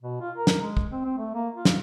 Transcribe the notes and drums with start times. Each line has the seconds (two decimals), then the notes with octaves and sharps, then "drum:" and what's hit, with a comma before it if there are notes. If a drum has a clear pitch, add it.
0.02 B2
0.21 F4
0.37 A#4
0.47 drum: snare
0.62 G#3
0.77 drum: kick
0.92 C4
1.05 C4
1.17 A3
1.35 A#3
1.56 F4
1.65 drum: snare